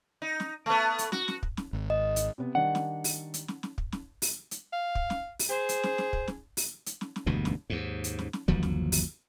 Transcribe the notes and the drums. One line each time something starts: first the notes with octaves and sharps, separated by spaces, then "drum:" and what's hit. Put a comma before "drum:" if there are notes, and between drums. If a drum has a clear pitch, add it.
D#4
drum: snare
A3 B3
drum: hi-hat
F#4, drum: snare
drum: snare
drum: kick
drum: snare
G#1
D#5
drum: hi-hat
C3 B3
D#3 G3 D4 F#5
drum: snare
drum: open hi-hat
drum: hi-hat
drum: snare
drum: snare
drum: kick
drum: snare
drum: open hi-hat
drum: hi-hat
F5
drum: kick
drum: snare
drum: open hi-hat
G#4 C5
drum: hi-hat
drum: snare
drum: snare
drum: kick
drum: snare
drum: open hi-hat
drum: hi-hat
drum: snare
drum: snare
E1 D2 G2 B2
drum: snare
D#2 G#2
drum: hi-hat
drum: snare
drum: snare
G1 D#2 F3 F#3, drum: kick
drum: snare
drum: open hi-hat